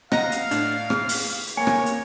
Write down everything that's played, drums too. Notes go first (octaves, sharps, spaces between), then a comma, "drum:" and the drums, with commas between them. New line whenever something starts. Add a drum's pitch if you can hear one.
D#5 F5 F#5 A#5 A#6, drum: rim click
drum: hi-hat
A2 D4, drum: hi-hat
G#4, drum: rim click
drum: open hi-hat
drum: hi-hat
A#3 A#4 C#5 G#5
drum: rim click
drum: hi-hat